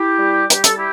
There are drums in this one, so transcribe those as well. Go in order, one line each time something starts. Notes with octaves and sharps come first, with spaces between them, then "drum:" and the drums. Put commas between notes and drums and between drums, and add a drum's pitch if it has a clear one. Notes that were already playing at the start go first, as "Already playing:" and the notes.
Already playing: E4 G4
G3
G3 G4, drum: hi-hat
A4, drum: hi-hat
E4 G4